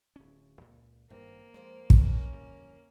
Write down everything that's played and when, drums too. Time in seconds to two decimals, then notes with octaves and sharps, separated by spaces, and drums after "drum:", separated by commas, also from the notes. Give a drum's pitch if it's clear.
0.16 D1 C#4
0.61 C#2 A#2
1.10 G#1 G2 A#3 C4
1.54 F2 G#3 C5 D5
1.90 D2 B2 F3 A3 C#4, drum: kick
2.33 D1 F2 G3